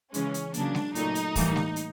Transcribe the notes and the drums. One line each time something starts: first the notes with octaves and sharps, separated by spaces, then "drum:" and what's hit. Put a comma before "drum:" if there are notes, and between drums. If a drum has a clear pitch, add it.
C#3 E3 G#3 C#4, drum: hi-hat
drum: hi-hat
C#3 F#3 A#3 D4, drum: hi-hat
drum: snare G#3
A#2 F#3 A3 D#4, drum: hi-hat
drum: hi-hat
A2 E3 G3 A#3, drum: kick, open hi-hat
drum: snare G#3
drum: hi-hat